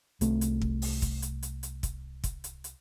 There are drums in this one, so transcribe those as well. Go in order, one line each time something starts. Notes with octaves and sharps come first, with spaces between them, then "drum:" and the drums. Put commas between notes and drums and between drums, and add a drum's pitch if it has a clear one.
C2 C3 A3, drum: hi-hat
drum: hi-hat
drum: kick
drum: open hi-hat
drum: kick, hi-hat
drum: hi-hat
drum: hi-hat
drum: hi-hat
drum: kick, hi-hat
drum: kick, hi-hat
drum: hi-hat
drum: hi-hat